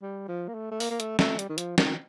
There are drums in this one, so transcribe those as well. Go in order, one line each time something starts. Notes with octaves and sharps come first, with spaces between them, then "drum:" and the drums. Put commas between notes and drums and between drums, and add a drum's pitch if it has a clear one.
G3
F3
A#3
A3
A3
A#3, drum: open hi-hat
A#3
A3, drum: hi-hat
A3, drum: snare
G3, drum: hi-hat
D#3
F3, drum: hi-hat
D#3, drum: snare